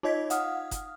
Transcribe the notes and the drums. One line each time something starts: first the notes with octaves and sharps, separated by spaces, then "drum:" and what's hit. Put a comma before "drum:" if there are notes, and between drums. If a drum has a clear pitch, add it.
D#4 F4 C#5 D#5 G#6 B6
F5 F#5 D#6 F6, drum: hi-hat
drum: kick F#1, hi-hat